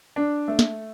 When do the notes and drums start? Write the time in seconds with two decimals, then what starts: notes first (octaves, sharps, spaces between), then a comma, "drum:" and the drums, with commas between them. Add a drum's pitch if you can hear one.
0.16 D4
0.48 A3
0.59 drum: snare